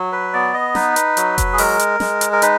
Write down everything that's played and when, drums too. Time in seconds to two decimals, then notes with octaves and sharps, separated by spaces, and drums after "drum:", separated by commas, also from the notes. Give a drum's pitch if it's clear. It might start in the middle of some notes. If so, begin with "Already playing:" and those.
Already playing: F#3
0.12 B4
0.33 B3 D5
0.54 D#5
0.75 D#4 B4, drum: snare
0.96 drum: hi-hat
1.17 F#3, drum: hi-hat
1.38 drum: kick F1, hi-hat
1.53 G#4
1.58 G#3 A#4, drum: open hi-hat
1.79 drum: hi-hat
2.00 G#3, drum: snare
2.21 drum: hi-hat
2.33 A#4
2.42 D#4 B4, drum: hi-hat